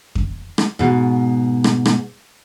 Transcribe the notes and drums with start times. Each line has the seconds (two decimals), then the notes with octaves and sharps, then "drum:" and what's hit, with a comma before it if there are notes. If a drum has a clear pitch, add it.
0.15 drum: kick F2
0.58 drum: rim click
0.79 G#2 B2
1.64 drum: rim click
1.86 drum: rim click